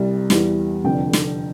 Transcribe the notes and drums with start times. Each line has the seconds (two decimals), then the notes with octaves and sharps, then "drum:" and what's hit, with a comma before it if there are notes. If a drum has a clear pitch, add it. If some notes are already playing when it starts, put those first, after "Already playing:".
Already playing: C2 C3 G3
0.30 E2 E3 G3, drum: snare
0.84 F1 F2 D3 G5
1.13 drum: snare